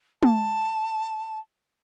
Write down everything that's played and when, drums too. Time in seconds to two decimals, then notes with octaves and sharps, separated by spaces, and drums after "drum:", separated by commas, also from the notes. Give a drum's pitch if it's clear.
0.23 A5, drum: tom